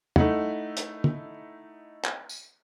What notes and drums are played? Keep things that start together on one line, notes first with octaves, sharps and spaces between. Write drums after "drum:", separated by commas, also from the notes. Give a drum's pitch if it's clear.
A3 D#4 E4 F#5, drum: tom
drum: hi-hat
drum: tom
drum: clap
drum: tambourine